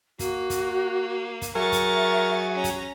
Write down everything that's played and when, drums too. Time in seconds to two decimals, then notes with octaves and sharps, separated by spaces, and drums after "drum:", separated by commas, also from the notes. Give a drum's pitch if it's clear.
0.19 A#3 F#4, drum: kick, hi-hat
0.50 drum: kick, hi-hat
1.42 drum: kick, hi-hat
1.55 F#3 G#4 A#4 E5 C#6 A6
1.72 drum: kick, hi-hat
2.54 C#4 A#5
2.64 drum: kick, hi-hat